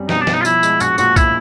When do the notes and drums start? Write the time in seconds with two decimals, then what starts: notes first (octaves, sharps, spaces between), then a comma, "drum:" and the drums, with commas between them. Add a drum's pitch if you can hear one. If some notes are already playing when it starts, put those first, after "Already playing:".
Already playing: F#2 G3 C4
0.09 B2 D#4, drum: snare
0.21 D4
0.27 B2, drum: snare
0.33 D#4
0.41 F4
0.45 F3 E4, drum: tambourine
0.63 G#3, drum: tambourine
0.80 A#1 F#4, drum: tambourine
0.98 A#2 F#4, drum: tambourine
1.16 E4, drum: kick, tambourine